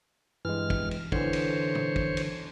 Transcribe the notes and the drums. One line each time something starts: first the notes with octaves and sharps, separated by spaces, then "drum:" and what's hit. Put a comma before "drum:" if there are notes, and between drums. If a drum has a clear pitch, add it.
G2 E3 G#3 F6
drum: kick
drum: cymbal
D3 E3 C5 C#5, drum: kick
drum: cymbal
drum: tom
drum: kick
drum: cymbal